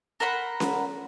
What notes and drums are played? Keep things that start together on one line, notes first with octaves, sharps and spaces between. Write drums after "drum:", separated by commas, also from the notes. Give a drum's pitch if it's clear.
A#4 C5 F#5 B5
drum: snare C#4